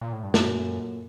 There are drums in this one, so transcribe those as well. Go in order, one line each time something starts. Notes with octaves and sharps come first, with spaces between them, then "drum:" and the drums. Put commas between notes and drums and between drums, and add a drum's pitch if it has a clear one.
A#2
A2
G2
F#2 A#2 F#3 A#3 F#4 A4, drum: snare